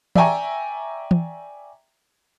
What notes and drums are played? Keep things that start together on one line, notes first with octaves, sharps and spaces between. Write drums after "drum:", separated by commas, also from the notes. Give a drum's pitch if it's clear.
D5 E5 G5 G#5 A#5 C#6, drum: tom
drum: tom